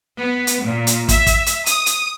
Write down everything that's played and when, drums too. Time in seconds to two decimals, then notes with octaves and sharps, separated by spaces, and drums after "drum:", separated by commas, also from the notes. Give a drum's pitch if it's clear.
0.19 B3
0.47 drum: hi-hat
0.64 A#2
0.87 drum: hi-hat
1.09 E5, drum: kick, hi-hat
1.27 drum: kick, hi-hat
1.46 drum: hi-hat
1.66 D#6, drum: hi-hat
1.86 drum: hi-hat